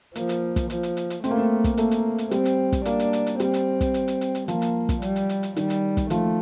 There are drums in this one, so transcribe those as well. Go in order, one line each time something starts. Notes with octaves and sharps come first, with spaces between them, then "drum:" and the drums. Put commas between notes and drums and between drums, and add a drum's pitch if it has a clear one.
F3 A#3, drum: hi-hat
drum: hi-hat
drum: kick, hi-hat
F3, drum: hi-hat
drum: hi-hat
drum: hi-hat
drum: hi-hat
A3 C4, drum: hi-hat
A#3
C4
drum: kick, hi-hat
A3 A#3, drum: hi-hat
drum: hi-hat
drum: hi-hat
G3 C4, drum: hi-hat
drum: hi-hat
drum: kick, hi-hat
A#3 D4, drum: hi-hat
drum: hi-hat
drum: hi-hat
drum: hi-hat
G3 C4, drum: hi-hat
drum: hi-hat
drum: kick, hi-hat
drum: hi-hat
drum: hi-hat
drum: hi-hat
drum: hi-hat
F3 A#3, drum: hi-hat
drum: hi-hat
drum: kick, hi-hat
G3, drum: hi-hat
drum: hi-hat
drum: hi-hat
drum: hi-hat
D#3 G3, drum: hi-hat
drum: hi-hat
drum: kick, hi-hat
F3 A3, drum: hi-hat